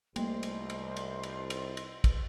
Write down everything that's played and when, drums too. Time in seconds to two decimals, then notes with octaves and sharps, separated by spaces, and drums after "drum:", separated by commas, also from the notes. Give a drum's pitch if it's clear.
0.16 C2 G3 A3 A#3 C5 D#5 C6, drum: cymbal
0.43 drum: cymbal
0.70 drum: cymbal
0.97 drum: cymbal
1.23 drum: cymbal
1.50 drum: cymbal
1.77 drum: cymbal
2.04 drum: kick, cymbal